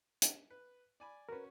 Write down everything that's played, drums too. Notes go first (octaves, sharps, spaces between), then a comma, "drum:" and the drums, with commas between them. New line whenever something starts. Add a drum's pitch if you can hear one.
drum: hi-hat
B4
D5 G#5 B5
C#4 F#4 A#4 B4